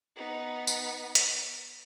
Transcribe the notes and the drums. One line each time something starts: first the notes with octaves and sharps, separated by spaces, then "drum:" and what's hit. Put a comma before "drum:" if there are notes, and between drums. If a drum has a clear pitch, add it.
B3 D#4
drum: tambourine
drum: hi-hat